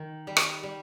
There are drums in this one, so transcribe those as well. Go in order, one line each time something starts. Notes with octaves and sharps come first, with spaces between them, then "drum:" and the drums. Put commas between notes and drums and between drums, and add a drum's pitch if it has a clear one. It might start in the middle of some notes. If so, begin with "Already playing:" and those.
Already playing: D#3
G3
drum: rim click
G3